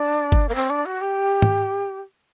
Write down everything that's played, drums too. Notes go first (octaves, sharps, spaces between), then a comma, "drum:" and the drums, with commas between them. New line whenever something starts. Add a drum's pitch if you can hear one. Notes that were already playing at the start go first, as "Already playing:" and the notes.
Already playing: D4
drum: kick G1
A#3
C4
D4
F#4
G4
drum: tom